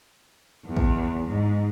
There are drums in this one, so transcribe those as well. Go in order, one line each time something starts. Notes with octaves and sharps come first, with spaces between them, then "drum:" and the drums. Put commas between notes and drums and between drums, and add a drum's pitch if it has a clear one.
E2
drum: kick
G#2